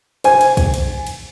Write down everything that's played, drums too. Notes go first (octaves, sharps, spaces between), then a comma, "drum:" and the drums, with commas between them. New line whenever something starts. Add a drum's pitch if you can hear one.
C5 G#5, drum: cymbal
drum: cymbal
drum: kick, cymbal
drum: cymbal
drum: cymbal